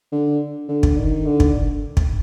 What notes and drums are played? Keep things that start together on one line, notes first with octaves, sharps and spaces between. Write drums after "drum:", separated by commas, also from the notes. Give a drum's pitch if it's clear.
D3
D3
drum: kick
D#3
D3
drum: kick
drum: kick